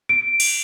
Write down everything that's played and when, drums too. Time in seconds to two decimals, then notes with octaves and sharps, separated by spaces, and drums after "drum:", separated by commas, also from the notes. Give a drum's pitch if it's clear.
0.09 D7
0.40 drum: cymbal